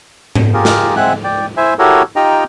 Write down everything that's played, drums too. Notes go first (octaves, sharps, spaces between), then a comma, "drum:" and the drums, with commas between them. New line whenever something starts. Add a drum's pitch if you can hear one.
drum: tom G#2
F4 G4 G#4 A#4
drum: snare
G#3 C4 E5 F#5 G#5 F#6
D5 G5
E4 C5 E5 G#5
E4 F#4 G4 A4 A#4 C#5
D#4 F4 G4 D#5 G5 A#5